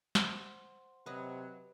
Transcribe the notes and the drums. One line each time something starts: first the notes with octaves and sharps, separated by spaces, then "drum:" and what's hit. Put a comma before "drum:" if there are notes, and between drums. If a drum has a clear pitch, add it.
C5 F#5 C6, drum: snare
C3 F#3 B4 D#5